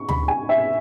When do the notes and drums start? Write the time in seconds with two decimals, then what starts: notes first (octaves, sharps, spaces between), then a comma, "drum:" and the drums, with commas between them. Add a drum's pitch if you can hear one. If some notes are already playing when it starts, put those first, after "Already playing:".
Already playing: C#6
0.09 B5, drum: tom D2
0.28 G#5
0.49 E5